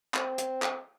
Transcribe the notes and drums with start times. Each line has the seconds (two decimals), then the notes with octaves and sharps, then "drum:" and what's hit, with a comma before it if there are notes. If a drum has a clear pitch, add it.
0.14 C4, drum: clap
0.38 drum: hi-hat
0.62 drum: clap